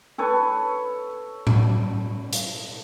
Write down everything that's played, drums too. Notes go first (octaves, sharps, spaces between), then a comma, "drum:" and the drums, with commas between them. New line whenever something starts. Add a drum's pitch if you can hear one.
A4 B4 C#5
drum: tom A2
drum: hi-hat